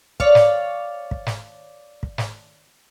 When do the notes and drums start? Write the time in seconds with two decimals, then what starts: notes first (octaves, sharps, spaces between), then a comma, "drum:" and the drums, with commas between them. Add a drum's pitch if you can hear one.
0.20 C#5 D5 F5, drum: kick
0.35 drum: snare
1.11 drum: kick
1.27 drum: snare
2.03 drum: kick
2.18 drum: snare